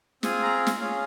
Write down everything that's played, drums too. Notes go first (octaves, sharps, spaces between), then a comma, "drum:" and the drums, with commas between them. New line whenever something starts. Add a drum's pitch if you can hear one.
C4 F4 G#4 G#5, drum: snare
A#5
drum: snare
C#4 F4 G#4 F5